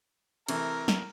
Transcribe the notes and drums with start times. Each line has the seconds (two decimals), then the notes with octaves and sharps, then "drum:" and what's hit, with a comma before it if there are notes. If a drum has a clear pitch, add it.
0.48 C3 E3 A3 A#4, drum: cymbal
0.88 drum: snare